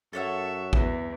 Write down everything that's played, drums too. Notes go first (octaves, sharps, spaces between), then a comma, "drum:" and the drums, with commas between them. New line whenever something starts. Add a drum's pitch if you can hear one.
F#2 A4 C#5 E5 F#5
E2, drum: kick A1